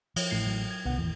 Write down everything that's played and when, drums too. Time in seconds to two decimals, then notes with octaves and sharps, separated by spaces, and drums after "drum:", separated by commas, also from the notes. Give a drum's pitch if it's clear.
0.16 F3, drum: cymbal
0.31 A1 A2 C7
0.47 F#3
0.71 G#6
0.85 C2 B2 D3 B3 F#5
0.98 G#1 E2 A#2 E3